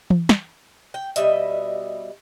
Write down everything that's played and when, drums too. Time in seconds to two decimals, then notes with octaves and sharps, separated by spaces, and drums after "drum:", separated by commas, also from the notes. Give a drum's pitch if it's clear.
0.10 drum: tom E3
0.29 drum: snare
0.94 G5
1.16 B2 G3 D#5 E5, drum: hi-hat